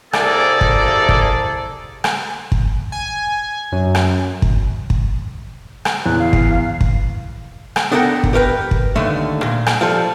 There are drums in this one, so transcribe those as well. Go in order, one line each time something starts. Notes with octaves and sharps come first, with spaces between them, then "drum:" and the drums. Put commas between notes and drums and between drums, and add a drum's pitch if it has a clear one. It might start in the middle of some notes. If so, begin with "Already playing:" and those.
C2 C3 A#3 G#4 A4 D5, drum: rim click
drum: kick
drum: kick
drum: rim click
drum: kick
G#5
F#2
drum: rim click
drum: kick
drum: kick
drum: rim click
E2 F#6
F5
drum: kick
drum: kick
drum: rim click
B3 D4 A4 A#4 F#5 G5
drum: kick
G4 A#4 B4 G5
drum: kick
D#2 D3 A3
A#2
drum: rim click
F3 G3 A4